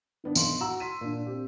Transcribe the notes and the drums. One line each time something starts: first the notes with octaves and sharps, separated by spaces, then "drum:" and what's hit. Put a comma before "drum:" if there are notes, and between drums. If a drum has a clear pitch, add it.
D#3 B3 D4
B1 C6 F#7, drum: tambourine
F#4 A#5 E6
C6 B6 D#7
A#2 D4
C4 G4